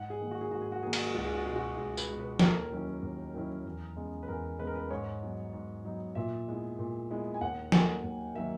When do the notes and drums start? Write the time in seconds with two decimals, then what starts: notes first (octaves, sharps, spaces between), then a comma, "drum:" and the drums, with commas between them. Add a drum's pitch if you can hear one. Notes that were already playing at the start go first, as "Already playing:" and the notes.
Already playing: G#2 F#5
0.10 G#4
0.21 D#3 A#3
0.31 F#4
0.41 G#4
0.51 G#2 F#4
0.62 G#4
0.72 F#4
0.83 D#3 A#3 G#4
0.93 F#4, drum: cymbal
1.04 G#4
1.14 C#2 F#4
1.25 G#4
1.35 F#4
1.46 B2 G#3 G#4
1.56 F#4
1.77 C#2 G#4
1.97 B4, drum: tambourine
2.08 B2 G#3
2.19 B4
2.39 D#2 A#4, drum: snare
2.71 D#3 F#3 C#4 E4
3.02 D#2
3.34 D#3 F#3 C#4 E4
3.65 E2
3.97 C#3 G#3 B3
4.23 B4
4.28 E2 A#4
4.59 C#3 G#3 B3 B4
4.67 A#4
4.75 B4
4.90 G#2 C#5
5.22 F#3 B3 D#4
5.53 G#2
5.85 F#3 B3 D#4
6.15 A#2 E5
6.48 G#3 B3 E4
6.79 A#2
7.10 G#3 B3 E4
7.34 G#5
7.41 D#2 F#5
7.72 D#3 F#3 A#3 G#5, drum: snare
8.04 D#2
8.35 D#3 F#3 A#3 E5